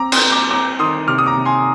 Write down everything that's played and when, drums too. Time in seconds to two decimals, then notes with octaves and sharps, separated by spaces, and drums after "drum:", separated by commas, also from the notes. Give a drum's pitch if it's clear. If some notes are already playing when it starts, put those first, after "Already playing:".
Already playing: C4 A#5 D6
0.12 C6 D#6, drum: cymbal
0.22 C4
0.32 A#5 D6
0.51 C4 A#5 D6
0.79 D#3 C6 D#6
1.08 C3 D6 F6
1.18 D#6
1.26 A#5 D6
1.36 C3
1.45 G#5 C6